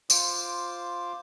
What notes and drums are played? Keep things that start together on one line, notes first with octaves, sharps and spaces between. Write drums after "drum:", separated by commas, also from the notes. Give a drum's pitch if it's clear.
F4 C5 D6, drum: tambourine